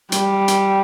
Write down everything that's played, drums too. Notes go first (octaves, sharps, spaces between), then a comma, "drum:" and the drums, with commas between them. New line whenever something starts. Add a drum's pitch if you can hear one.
G3, drum: hi-hat
drum: hi-hat